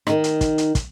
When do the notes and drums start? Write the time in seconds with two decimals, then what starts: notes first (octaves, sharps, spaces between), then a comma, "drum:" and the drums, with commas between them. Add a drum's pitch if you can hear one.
0.07 D#3 D#4, drum: rim click
0.24 drum: hi-hat
0.41 drum: kick, hi-hat
0.58 drum: hi-hat
0.75 drum: kick, hi-hat